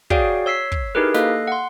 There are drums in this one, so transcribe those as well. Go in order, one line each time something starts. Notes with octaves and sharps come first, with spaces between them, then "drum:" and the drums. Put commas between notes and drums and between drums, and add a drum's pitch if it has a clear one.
F#4 G#4 C#5 D5 F5 G5, drum: kick
C#5 E6 B6 C7
drum: kick
D#4 E4 G4 G#4 A#4 B4
A#3 A4 D#5 F5 F#6, drum: snare
F#5 C6